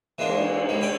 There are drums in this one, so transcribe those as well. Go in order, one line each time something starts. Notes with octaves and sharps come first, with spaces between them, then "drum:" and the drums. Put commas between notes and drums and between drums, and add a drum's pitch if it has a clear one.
E3 G#3 A#3 D4
drum: cymbal
G3 G#3
D5 G5 G#5 B5